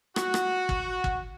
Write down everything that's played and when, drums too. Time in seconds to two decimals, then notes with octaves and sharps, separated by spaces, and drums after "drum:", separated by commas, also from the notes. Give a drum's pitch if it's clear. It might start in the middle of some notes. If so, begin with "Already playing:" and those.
0.16 F#4, drum: rim click
0.34 drum: rim click
0.69 drum: kick
1.04 drum: kick